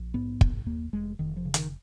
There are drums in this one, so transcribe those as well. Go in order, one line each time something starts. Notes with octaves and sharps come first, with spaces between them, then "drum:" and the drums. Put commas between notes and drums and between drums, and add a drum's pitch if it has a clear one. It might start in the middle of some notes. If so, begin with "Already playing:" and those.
Already playing: A#1
G#2 B3
A#1, drum: kick
D#2 A#3
F1 G#3
F1 D#3
F3
C#3
D#3, drum: hi-hat